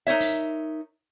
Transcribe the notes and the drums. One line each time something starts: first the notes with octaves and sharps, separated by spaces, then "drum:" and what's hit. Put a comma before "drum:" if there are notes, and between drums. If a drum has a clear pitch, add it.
D#4 A#4 C#5 E5, drum: hi-hat
drum: open hi-hat